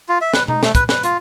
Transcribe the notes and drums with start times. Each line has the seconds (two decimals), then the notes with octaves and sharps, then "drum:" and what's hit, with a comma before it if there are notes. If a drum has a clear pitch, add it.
0.09 F4
0.21 E5
0.34 B4, drum: snare
0.48 D#4, drum: tom B2
0.63 A3, drum: snare
0.75 B4, drum: kick, hi-hat
0.89 B4, drum: snare
1.03 F4, drum: hi-hat